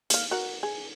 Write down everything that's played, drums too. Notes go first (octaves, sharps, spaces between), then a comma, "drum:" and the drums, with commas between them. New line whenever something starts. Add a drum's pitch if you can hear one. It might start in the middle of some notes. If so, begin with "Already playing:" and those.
A#3 F5, drum: hi-hat
F#4 A#4 F#5
G#4